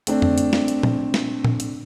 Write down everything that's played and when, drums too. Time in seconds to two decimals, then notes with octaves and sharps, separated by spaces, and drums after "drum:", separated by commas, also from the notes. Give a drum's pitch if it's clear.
0.07 A3 C4 D4, drum: hi-hat
0.22 drum: tom F2
0.38 drum: hi-hat
0.53 drum: snare
0.68 drum: hi-hat
0.83 drum: tom A#2
1.14 drum: snare
1.45 drum: tom A#2
1.60 drum: hi-hat